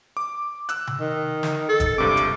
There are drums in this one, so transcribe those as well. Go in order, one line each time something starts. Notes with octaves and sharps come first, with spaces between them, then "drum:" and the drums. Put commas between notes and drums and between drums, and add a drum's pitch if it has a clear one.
D6
E6 F#6, drum: hi-hat
drum: tom C3
D#3
drum: snare
A4
drum: kick, hi-hat
C#2 G2 C3 D6
drum: hi-hat